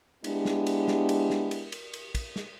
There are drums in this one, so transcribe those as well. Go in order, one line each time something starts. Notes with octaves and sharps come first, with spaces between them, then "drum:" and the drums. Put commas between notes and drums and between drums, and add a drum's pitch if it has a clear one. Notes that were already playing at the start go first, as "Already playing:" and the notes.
G#3 B3 D4 E4 G4, drum: cymbal
drum: snare
drum: cymbal
drum: snare
drum: cymbal
drum: snare
drum: cymbal
drum: cymbal
drum: cymbal
drum: kick, cymbal
drum: snare